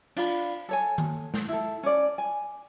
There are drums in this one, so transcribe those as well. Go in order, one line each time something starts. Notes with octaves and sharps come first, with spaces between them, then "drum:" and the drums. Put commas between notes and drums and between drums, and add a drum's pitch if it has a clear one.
D4 F4 F5 B5, drum: cymbal
A4 C#5 G#5
drum: tom D#3
drum: snare
E4 A4
C#4 D5
G#5